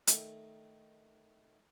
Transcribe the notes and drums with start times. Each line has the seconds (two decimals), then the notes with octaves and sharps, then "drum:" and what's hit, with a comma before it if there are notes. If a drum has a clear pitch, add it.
0.07 D#3 A3, drum: hi-hat